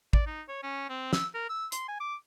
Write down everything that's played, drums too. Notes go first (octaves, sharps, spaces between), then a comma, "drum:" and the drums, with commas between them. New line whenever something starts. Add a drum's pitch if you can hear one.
D5, drum: kick
D#4
C#5
C#4
C4
E6, drum: snare
A#4
E6
C6, drum: hi-hat
G#5
D6